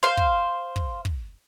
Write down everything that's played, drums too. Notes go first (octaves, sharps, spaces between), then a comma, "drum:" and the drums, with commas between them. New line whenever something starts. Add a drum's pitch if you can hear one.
C5 F5
drum: kick
drum: kick
drum: kick